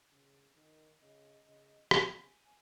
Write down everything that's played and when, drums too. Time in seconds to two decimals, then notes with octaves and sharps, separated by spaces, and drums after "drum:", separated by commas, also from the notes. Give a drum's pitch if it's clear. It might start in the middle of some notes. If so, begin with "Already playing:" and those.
0.11 C#3
0.56 D#3
1.01 C#3 D#5
1.46 C#3
1.91 C#3 G#5, drum: rim click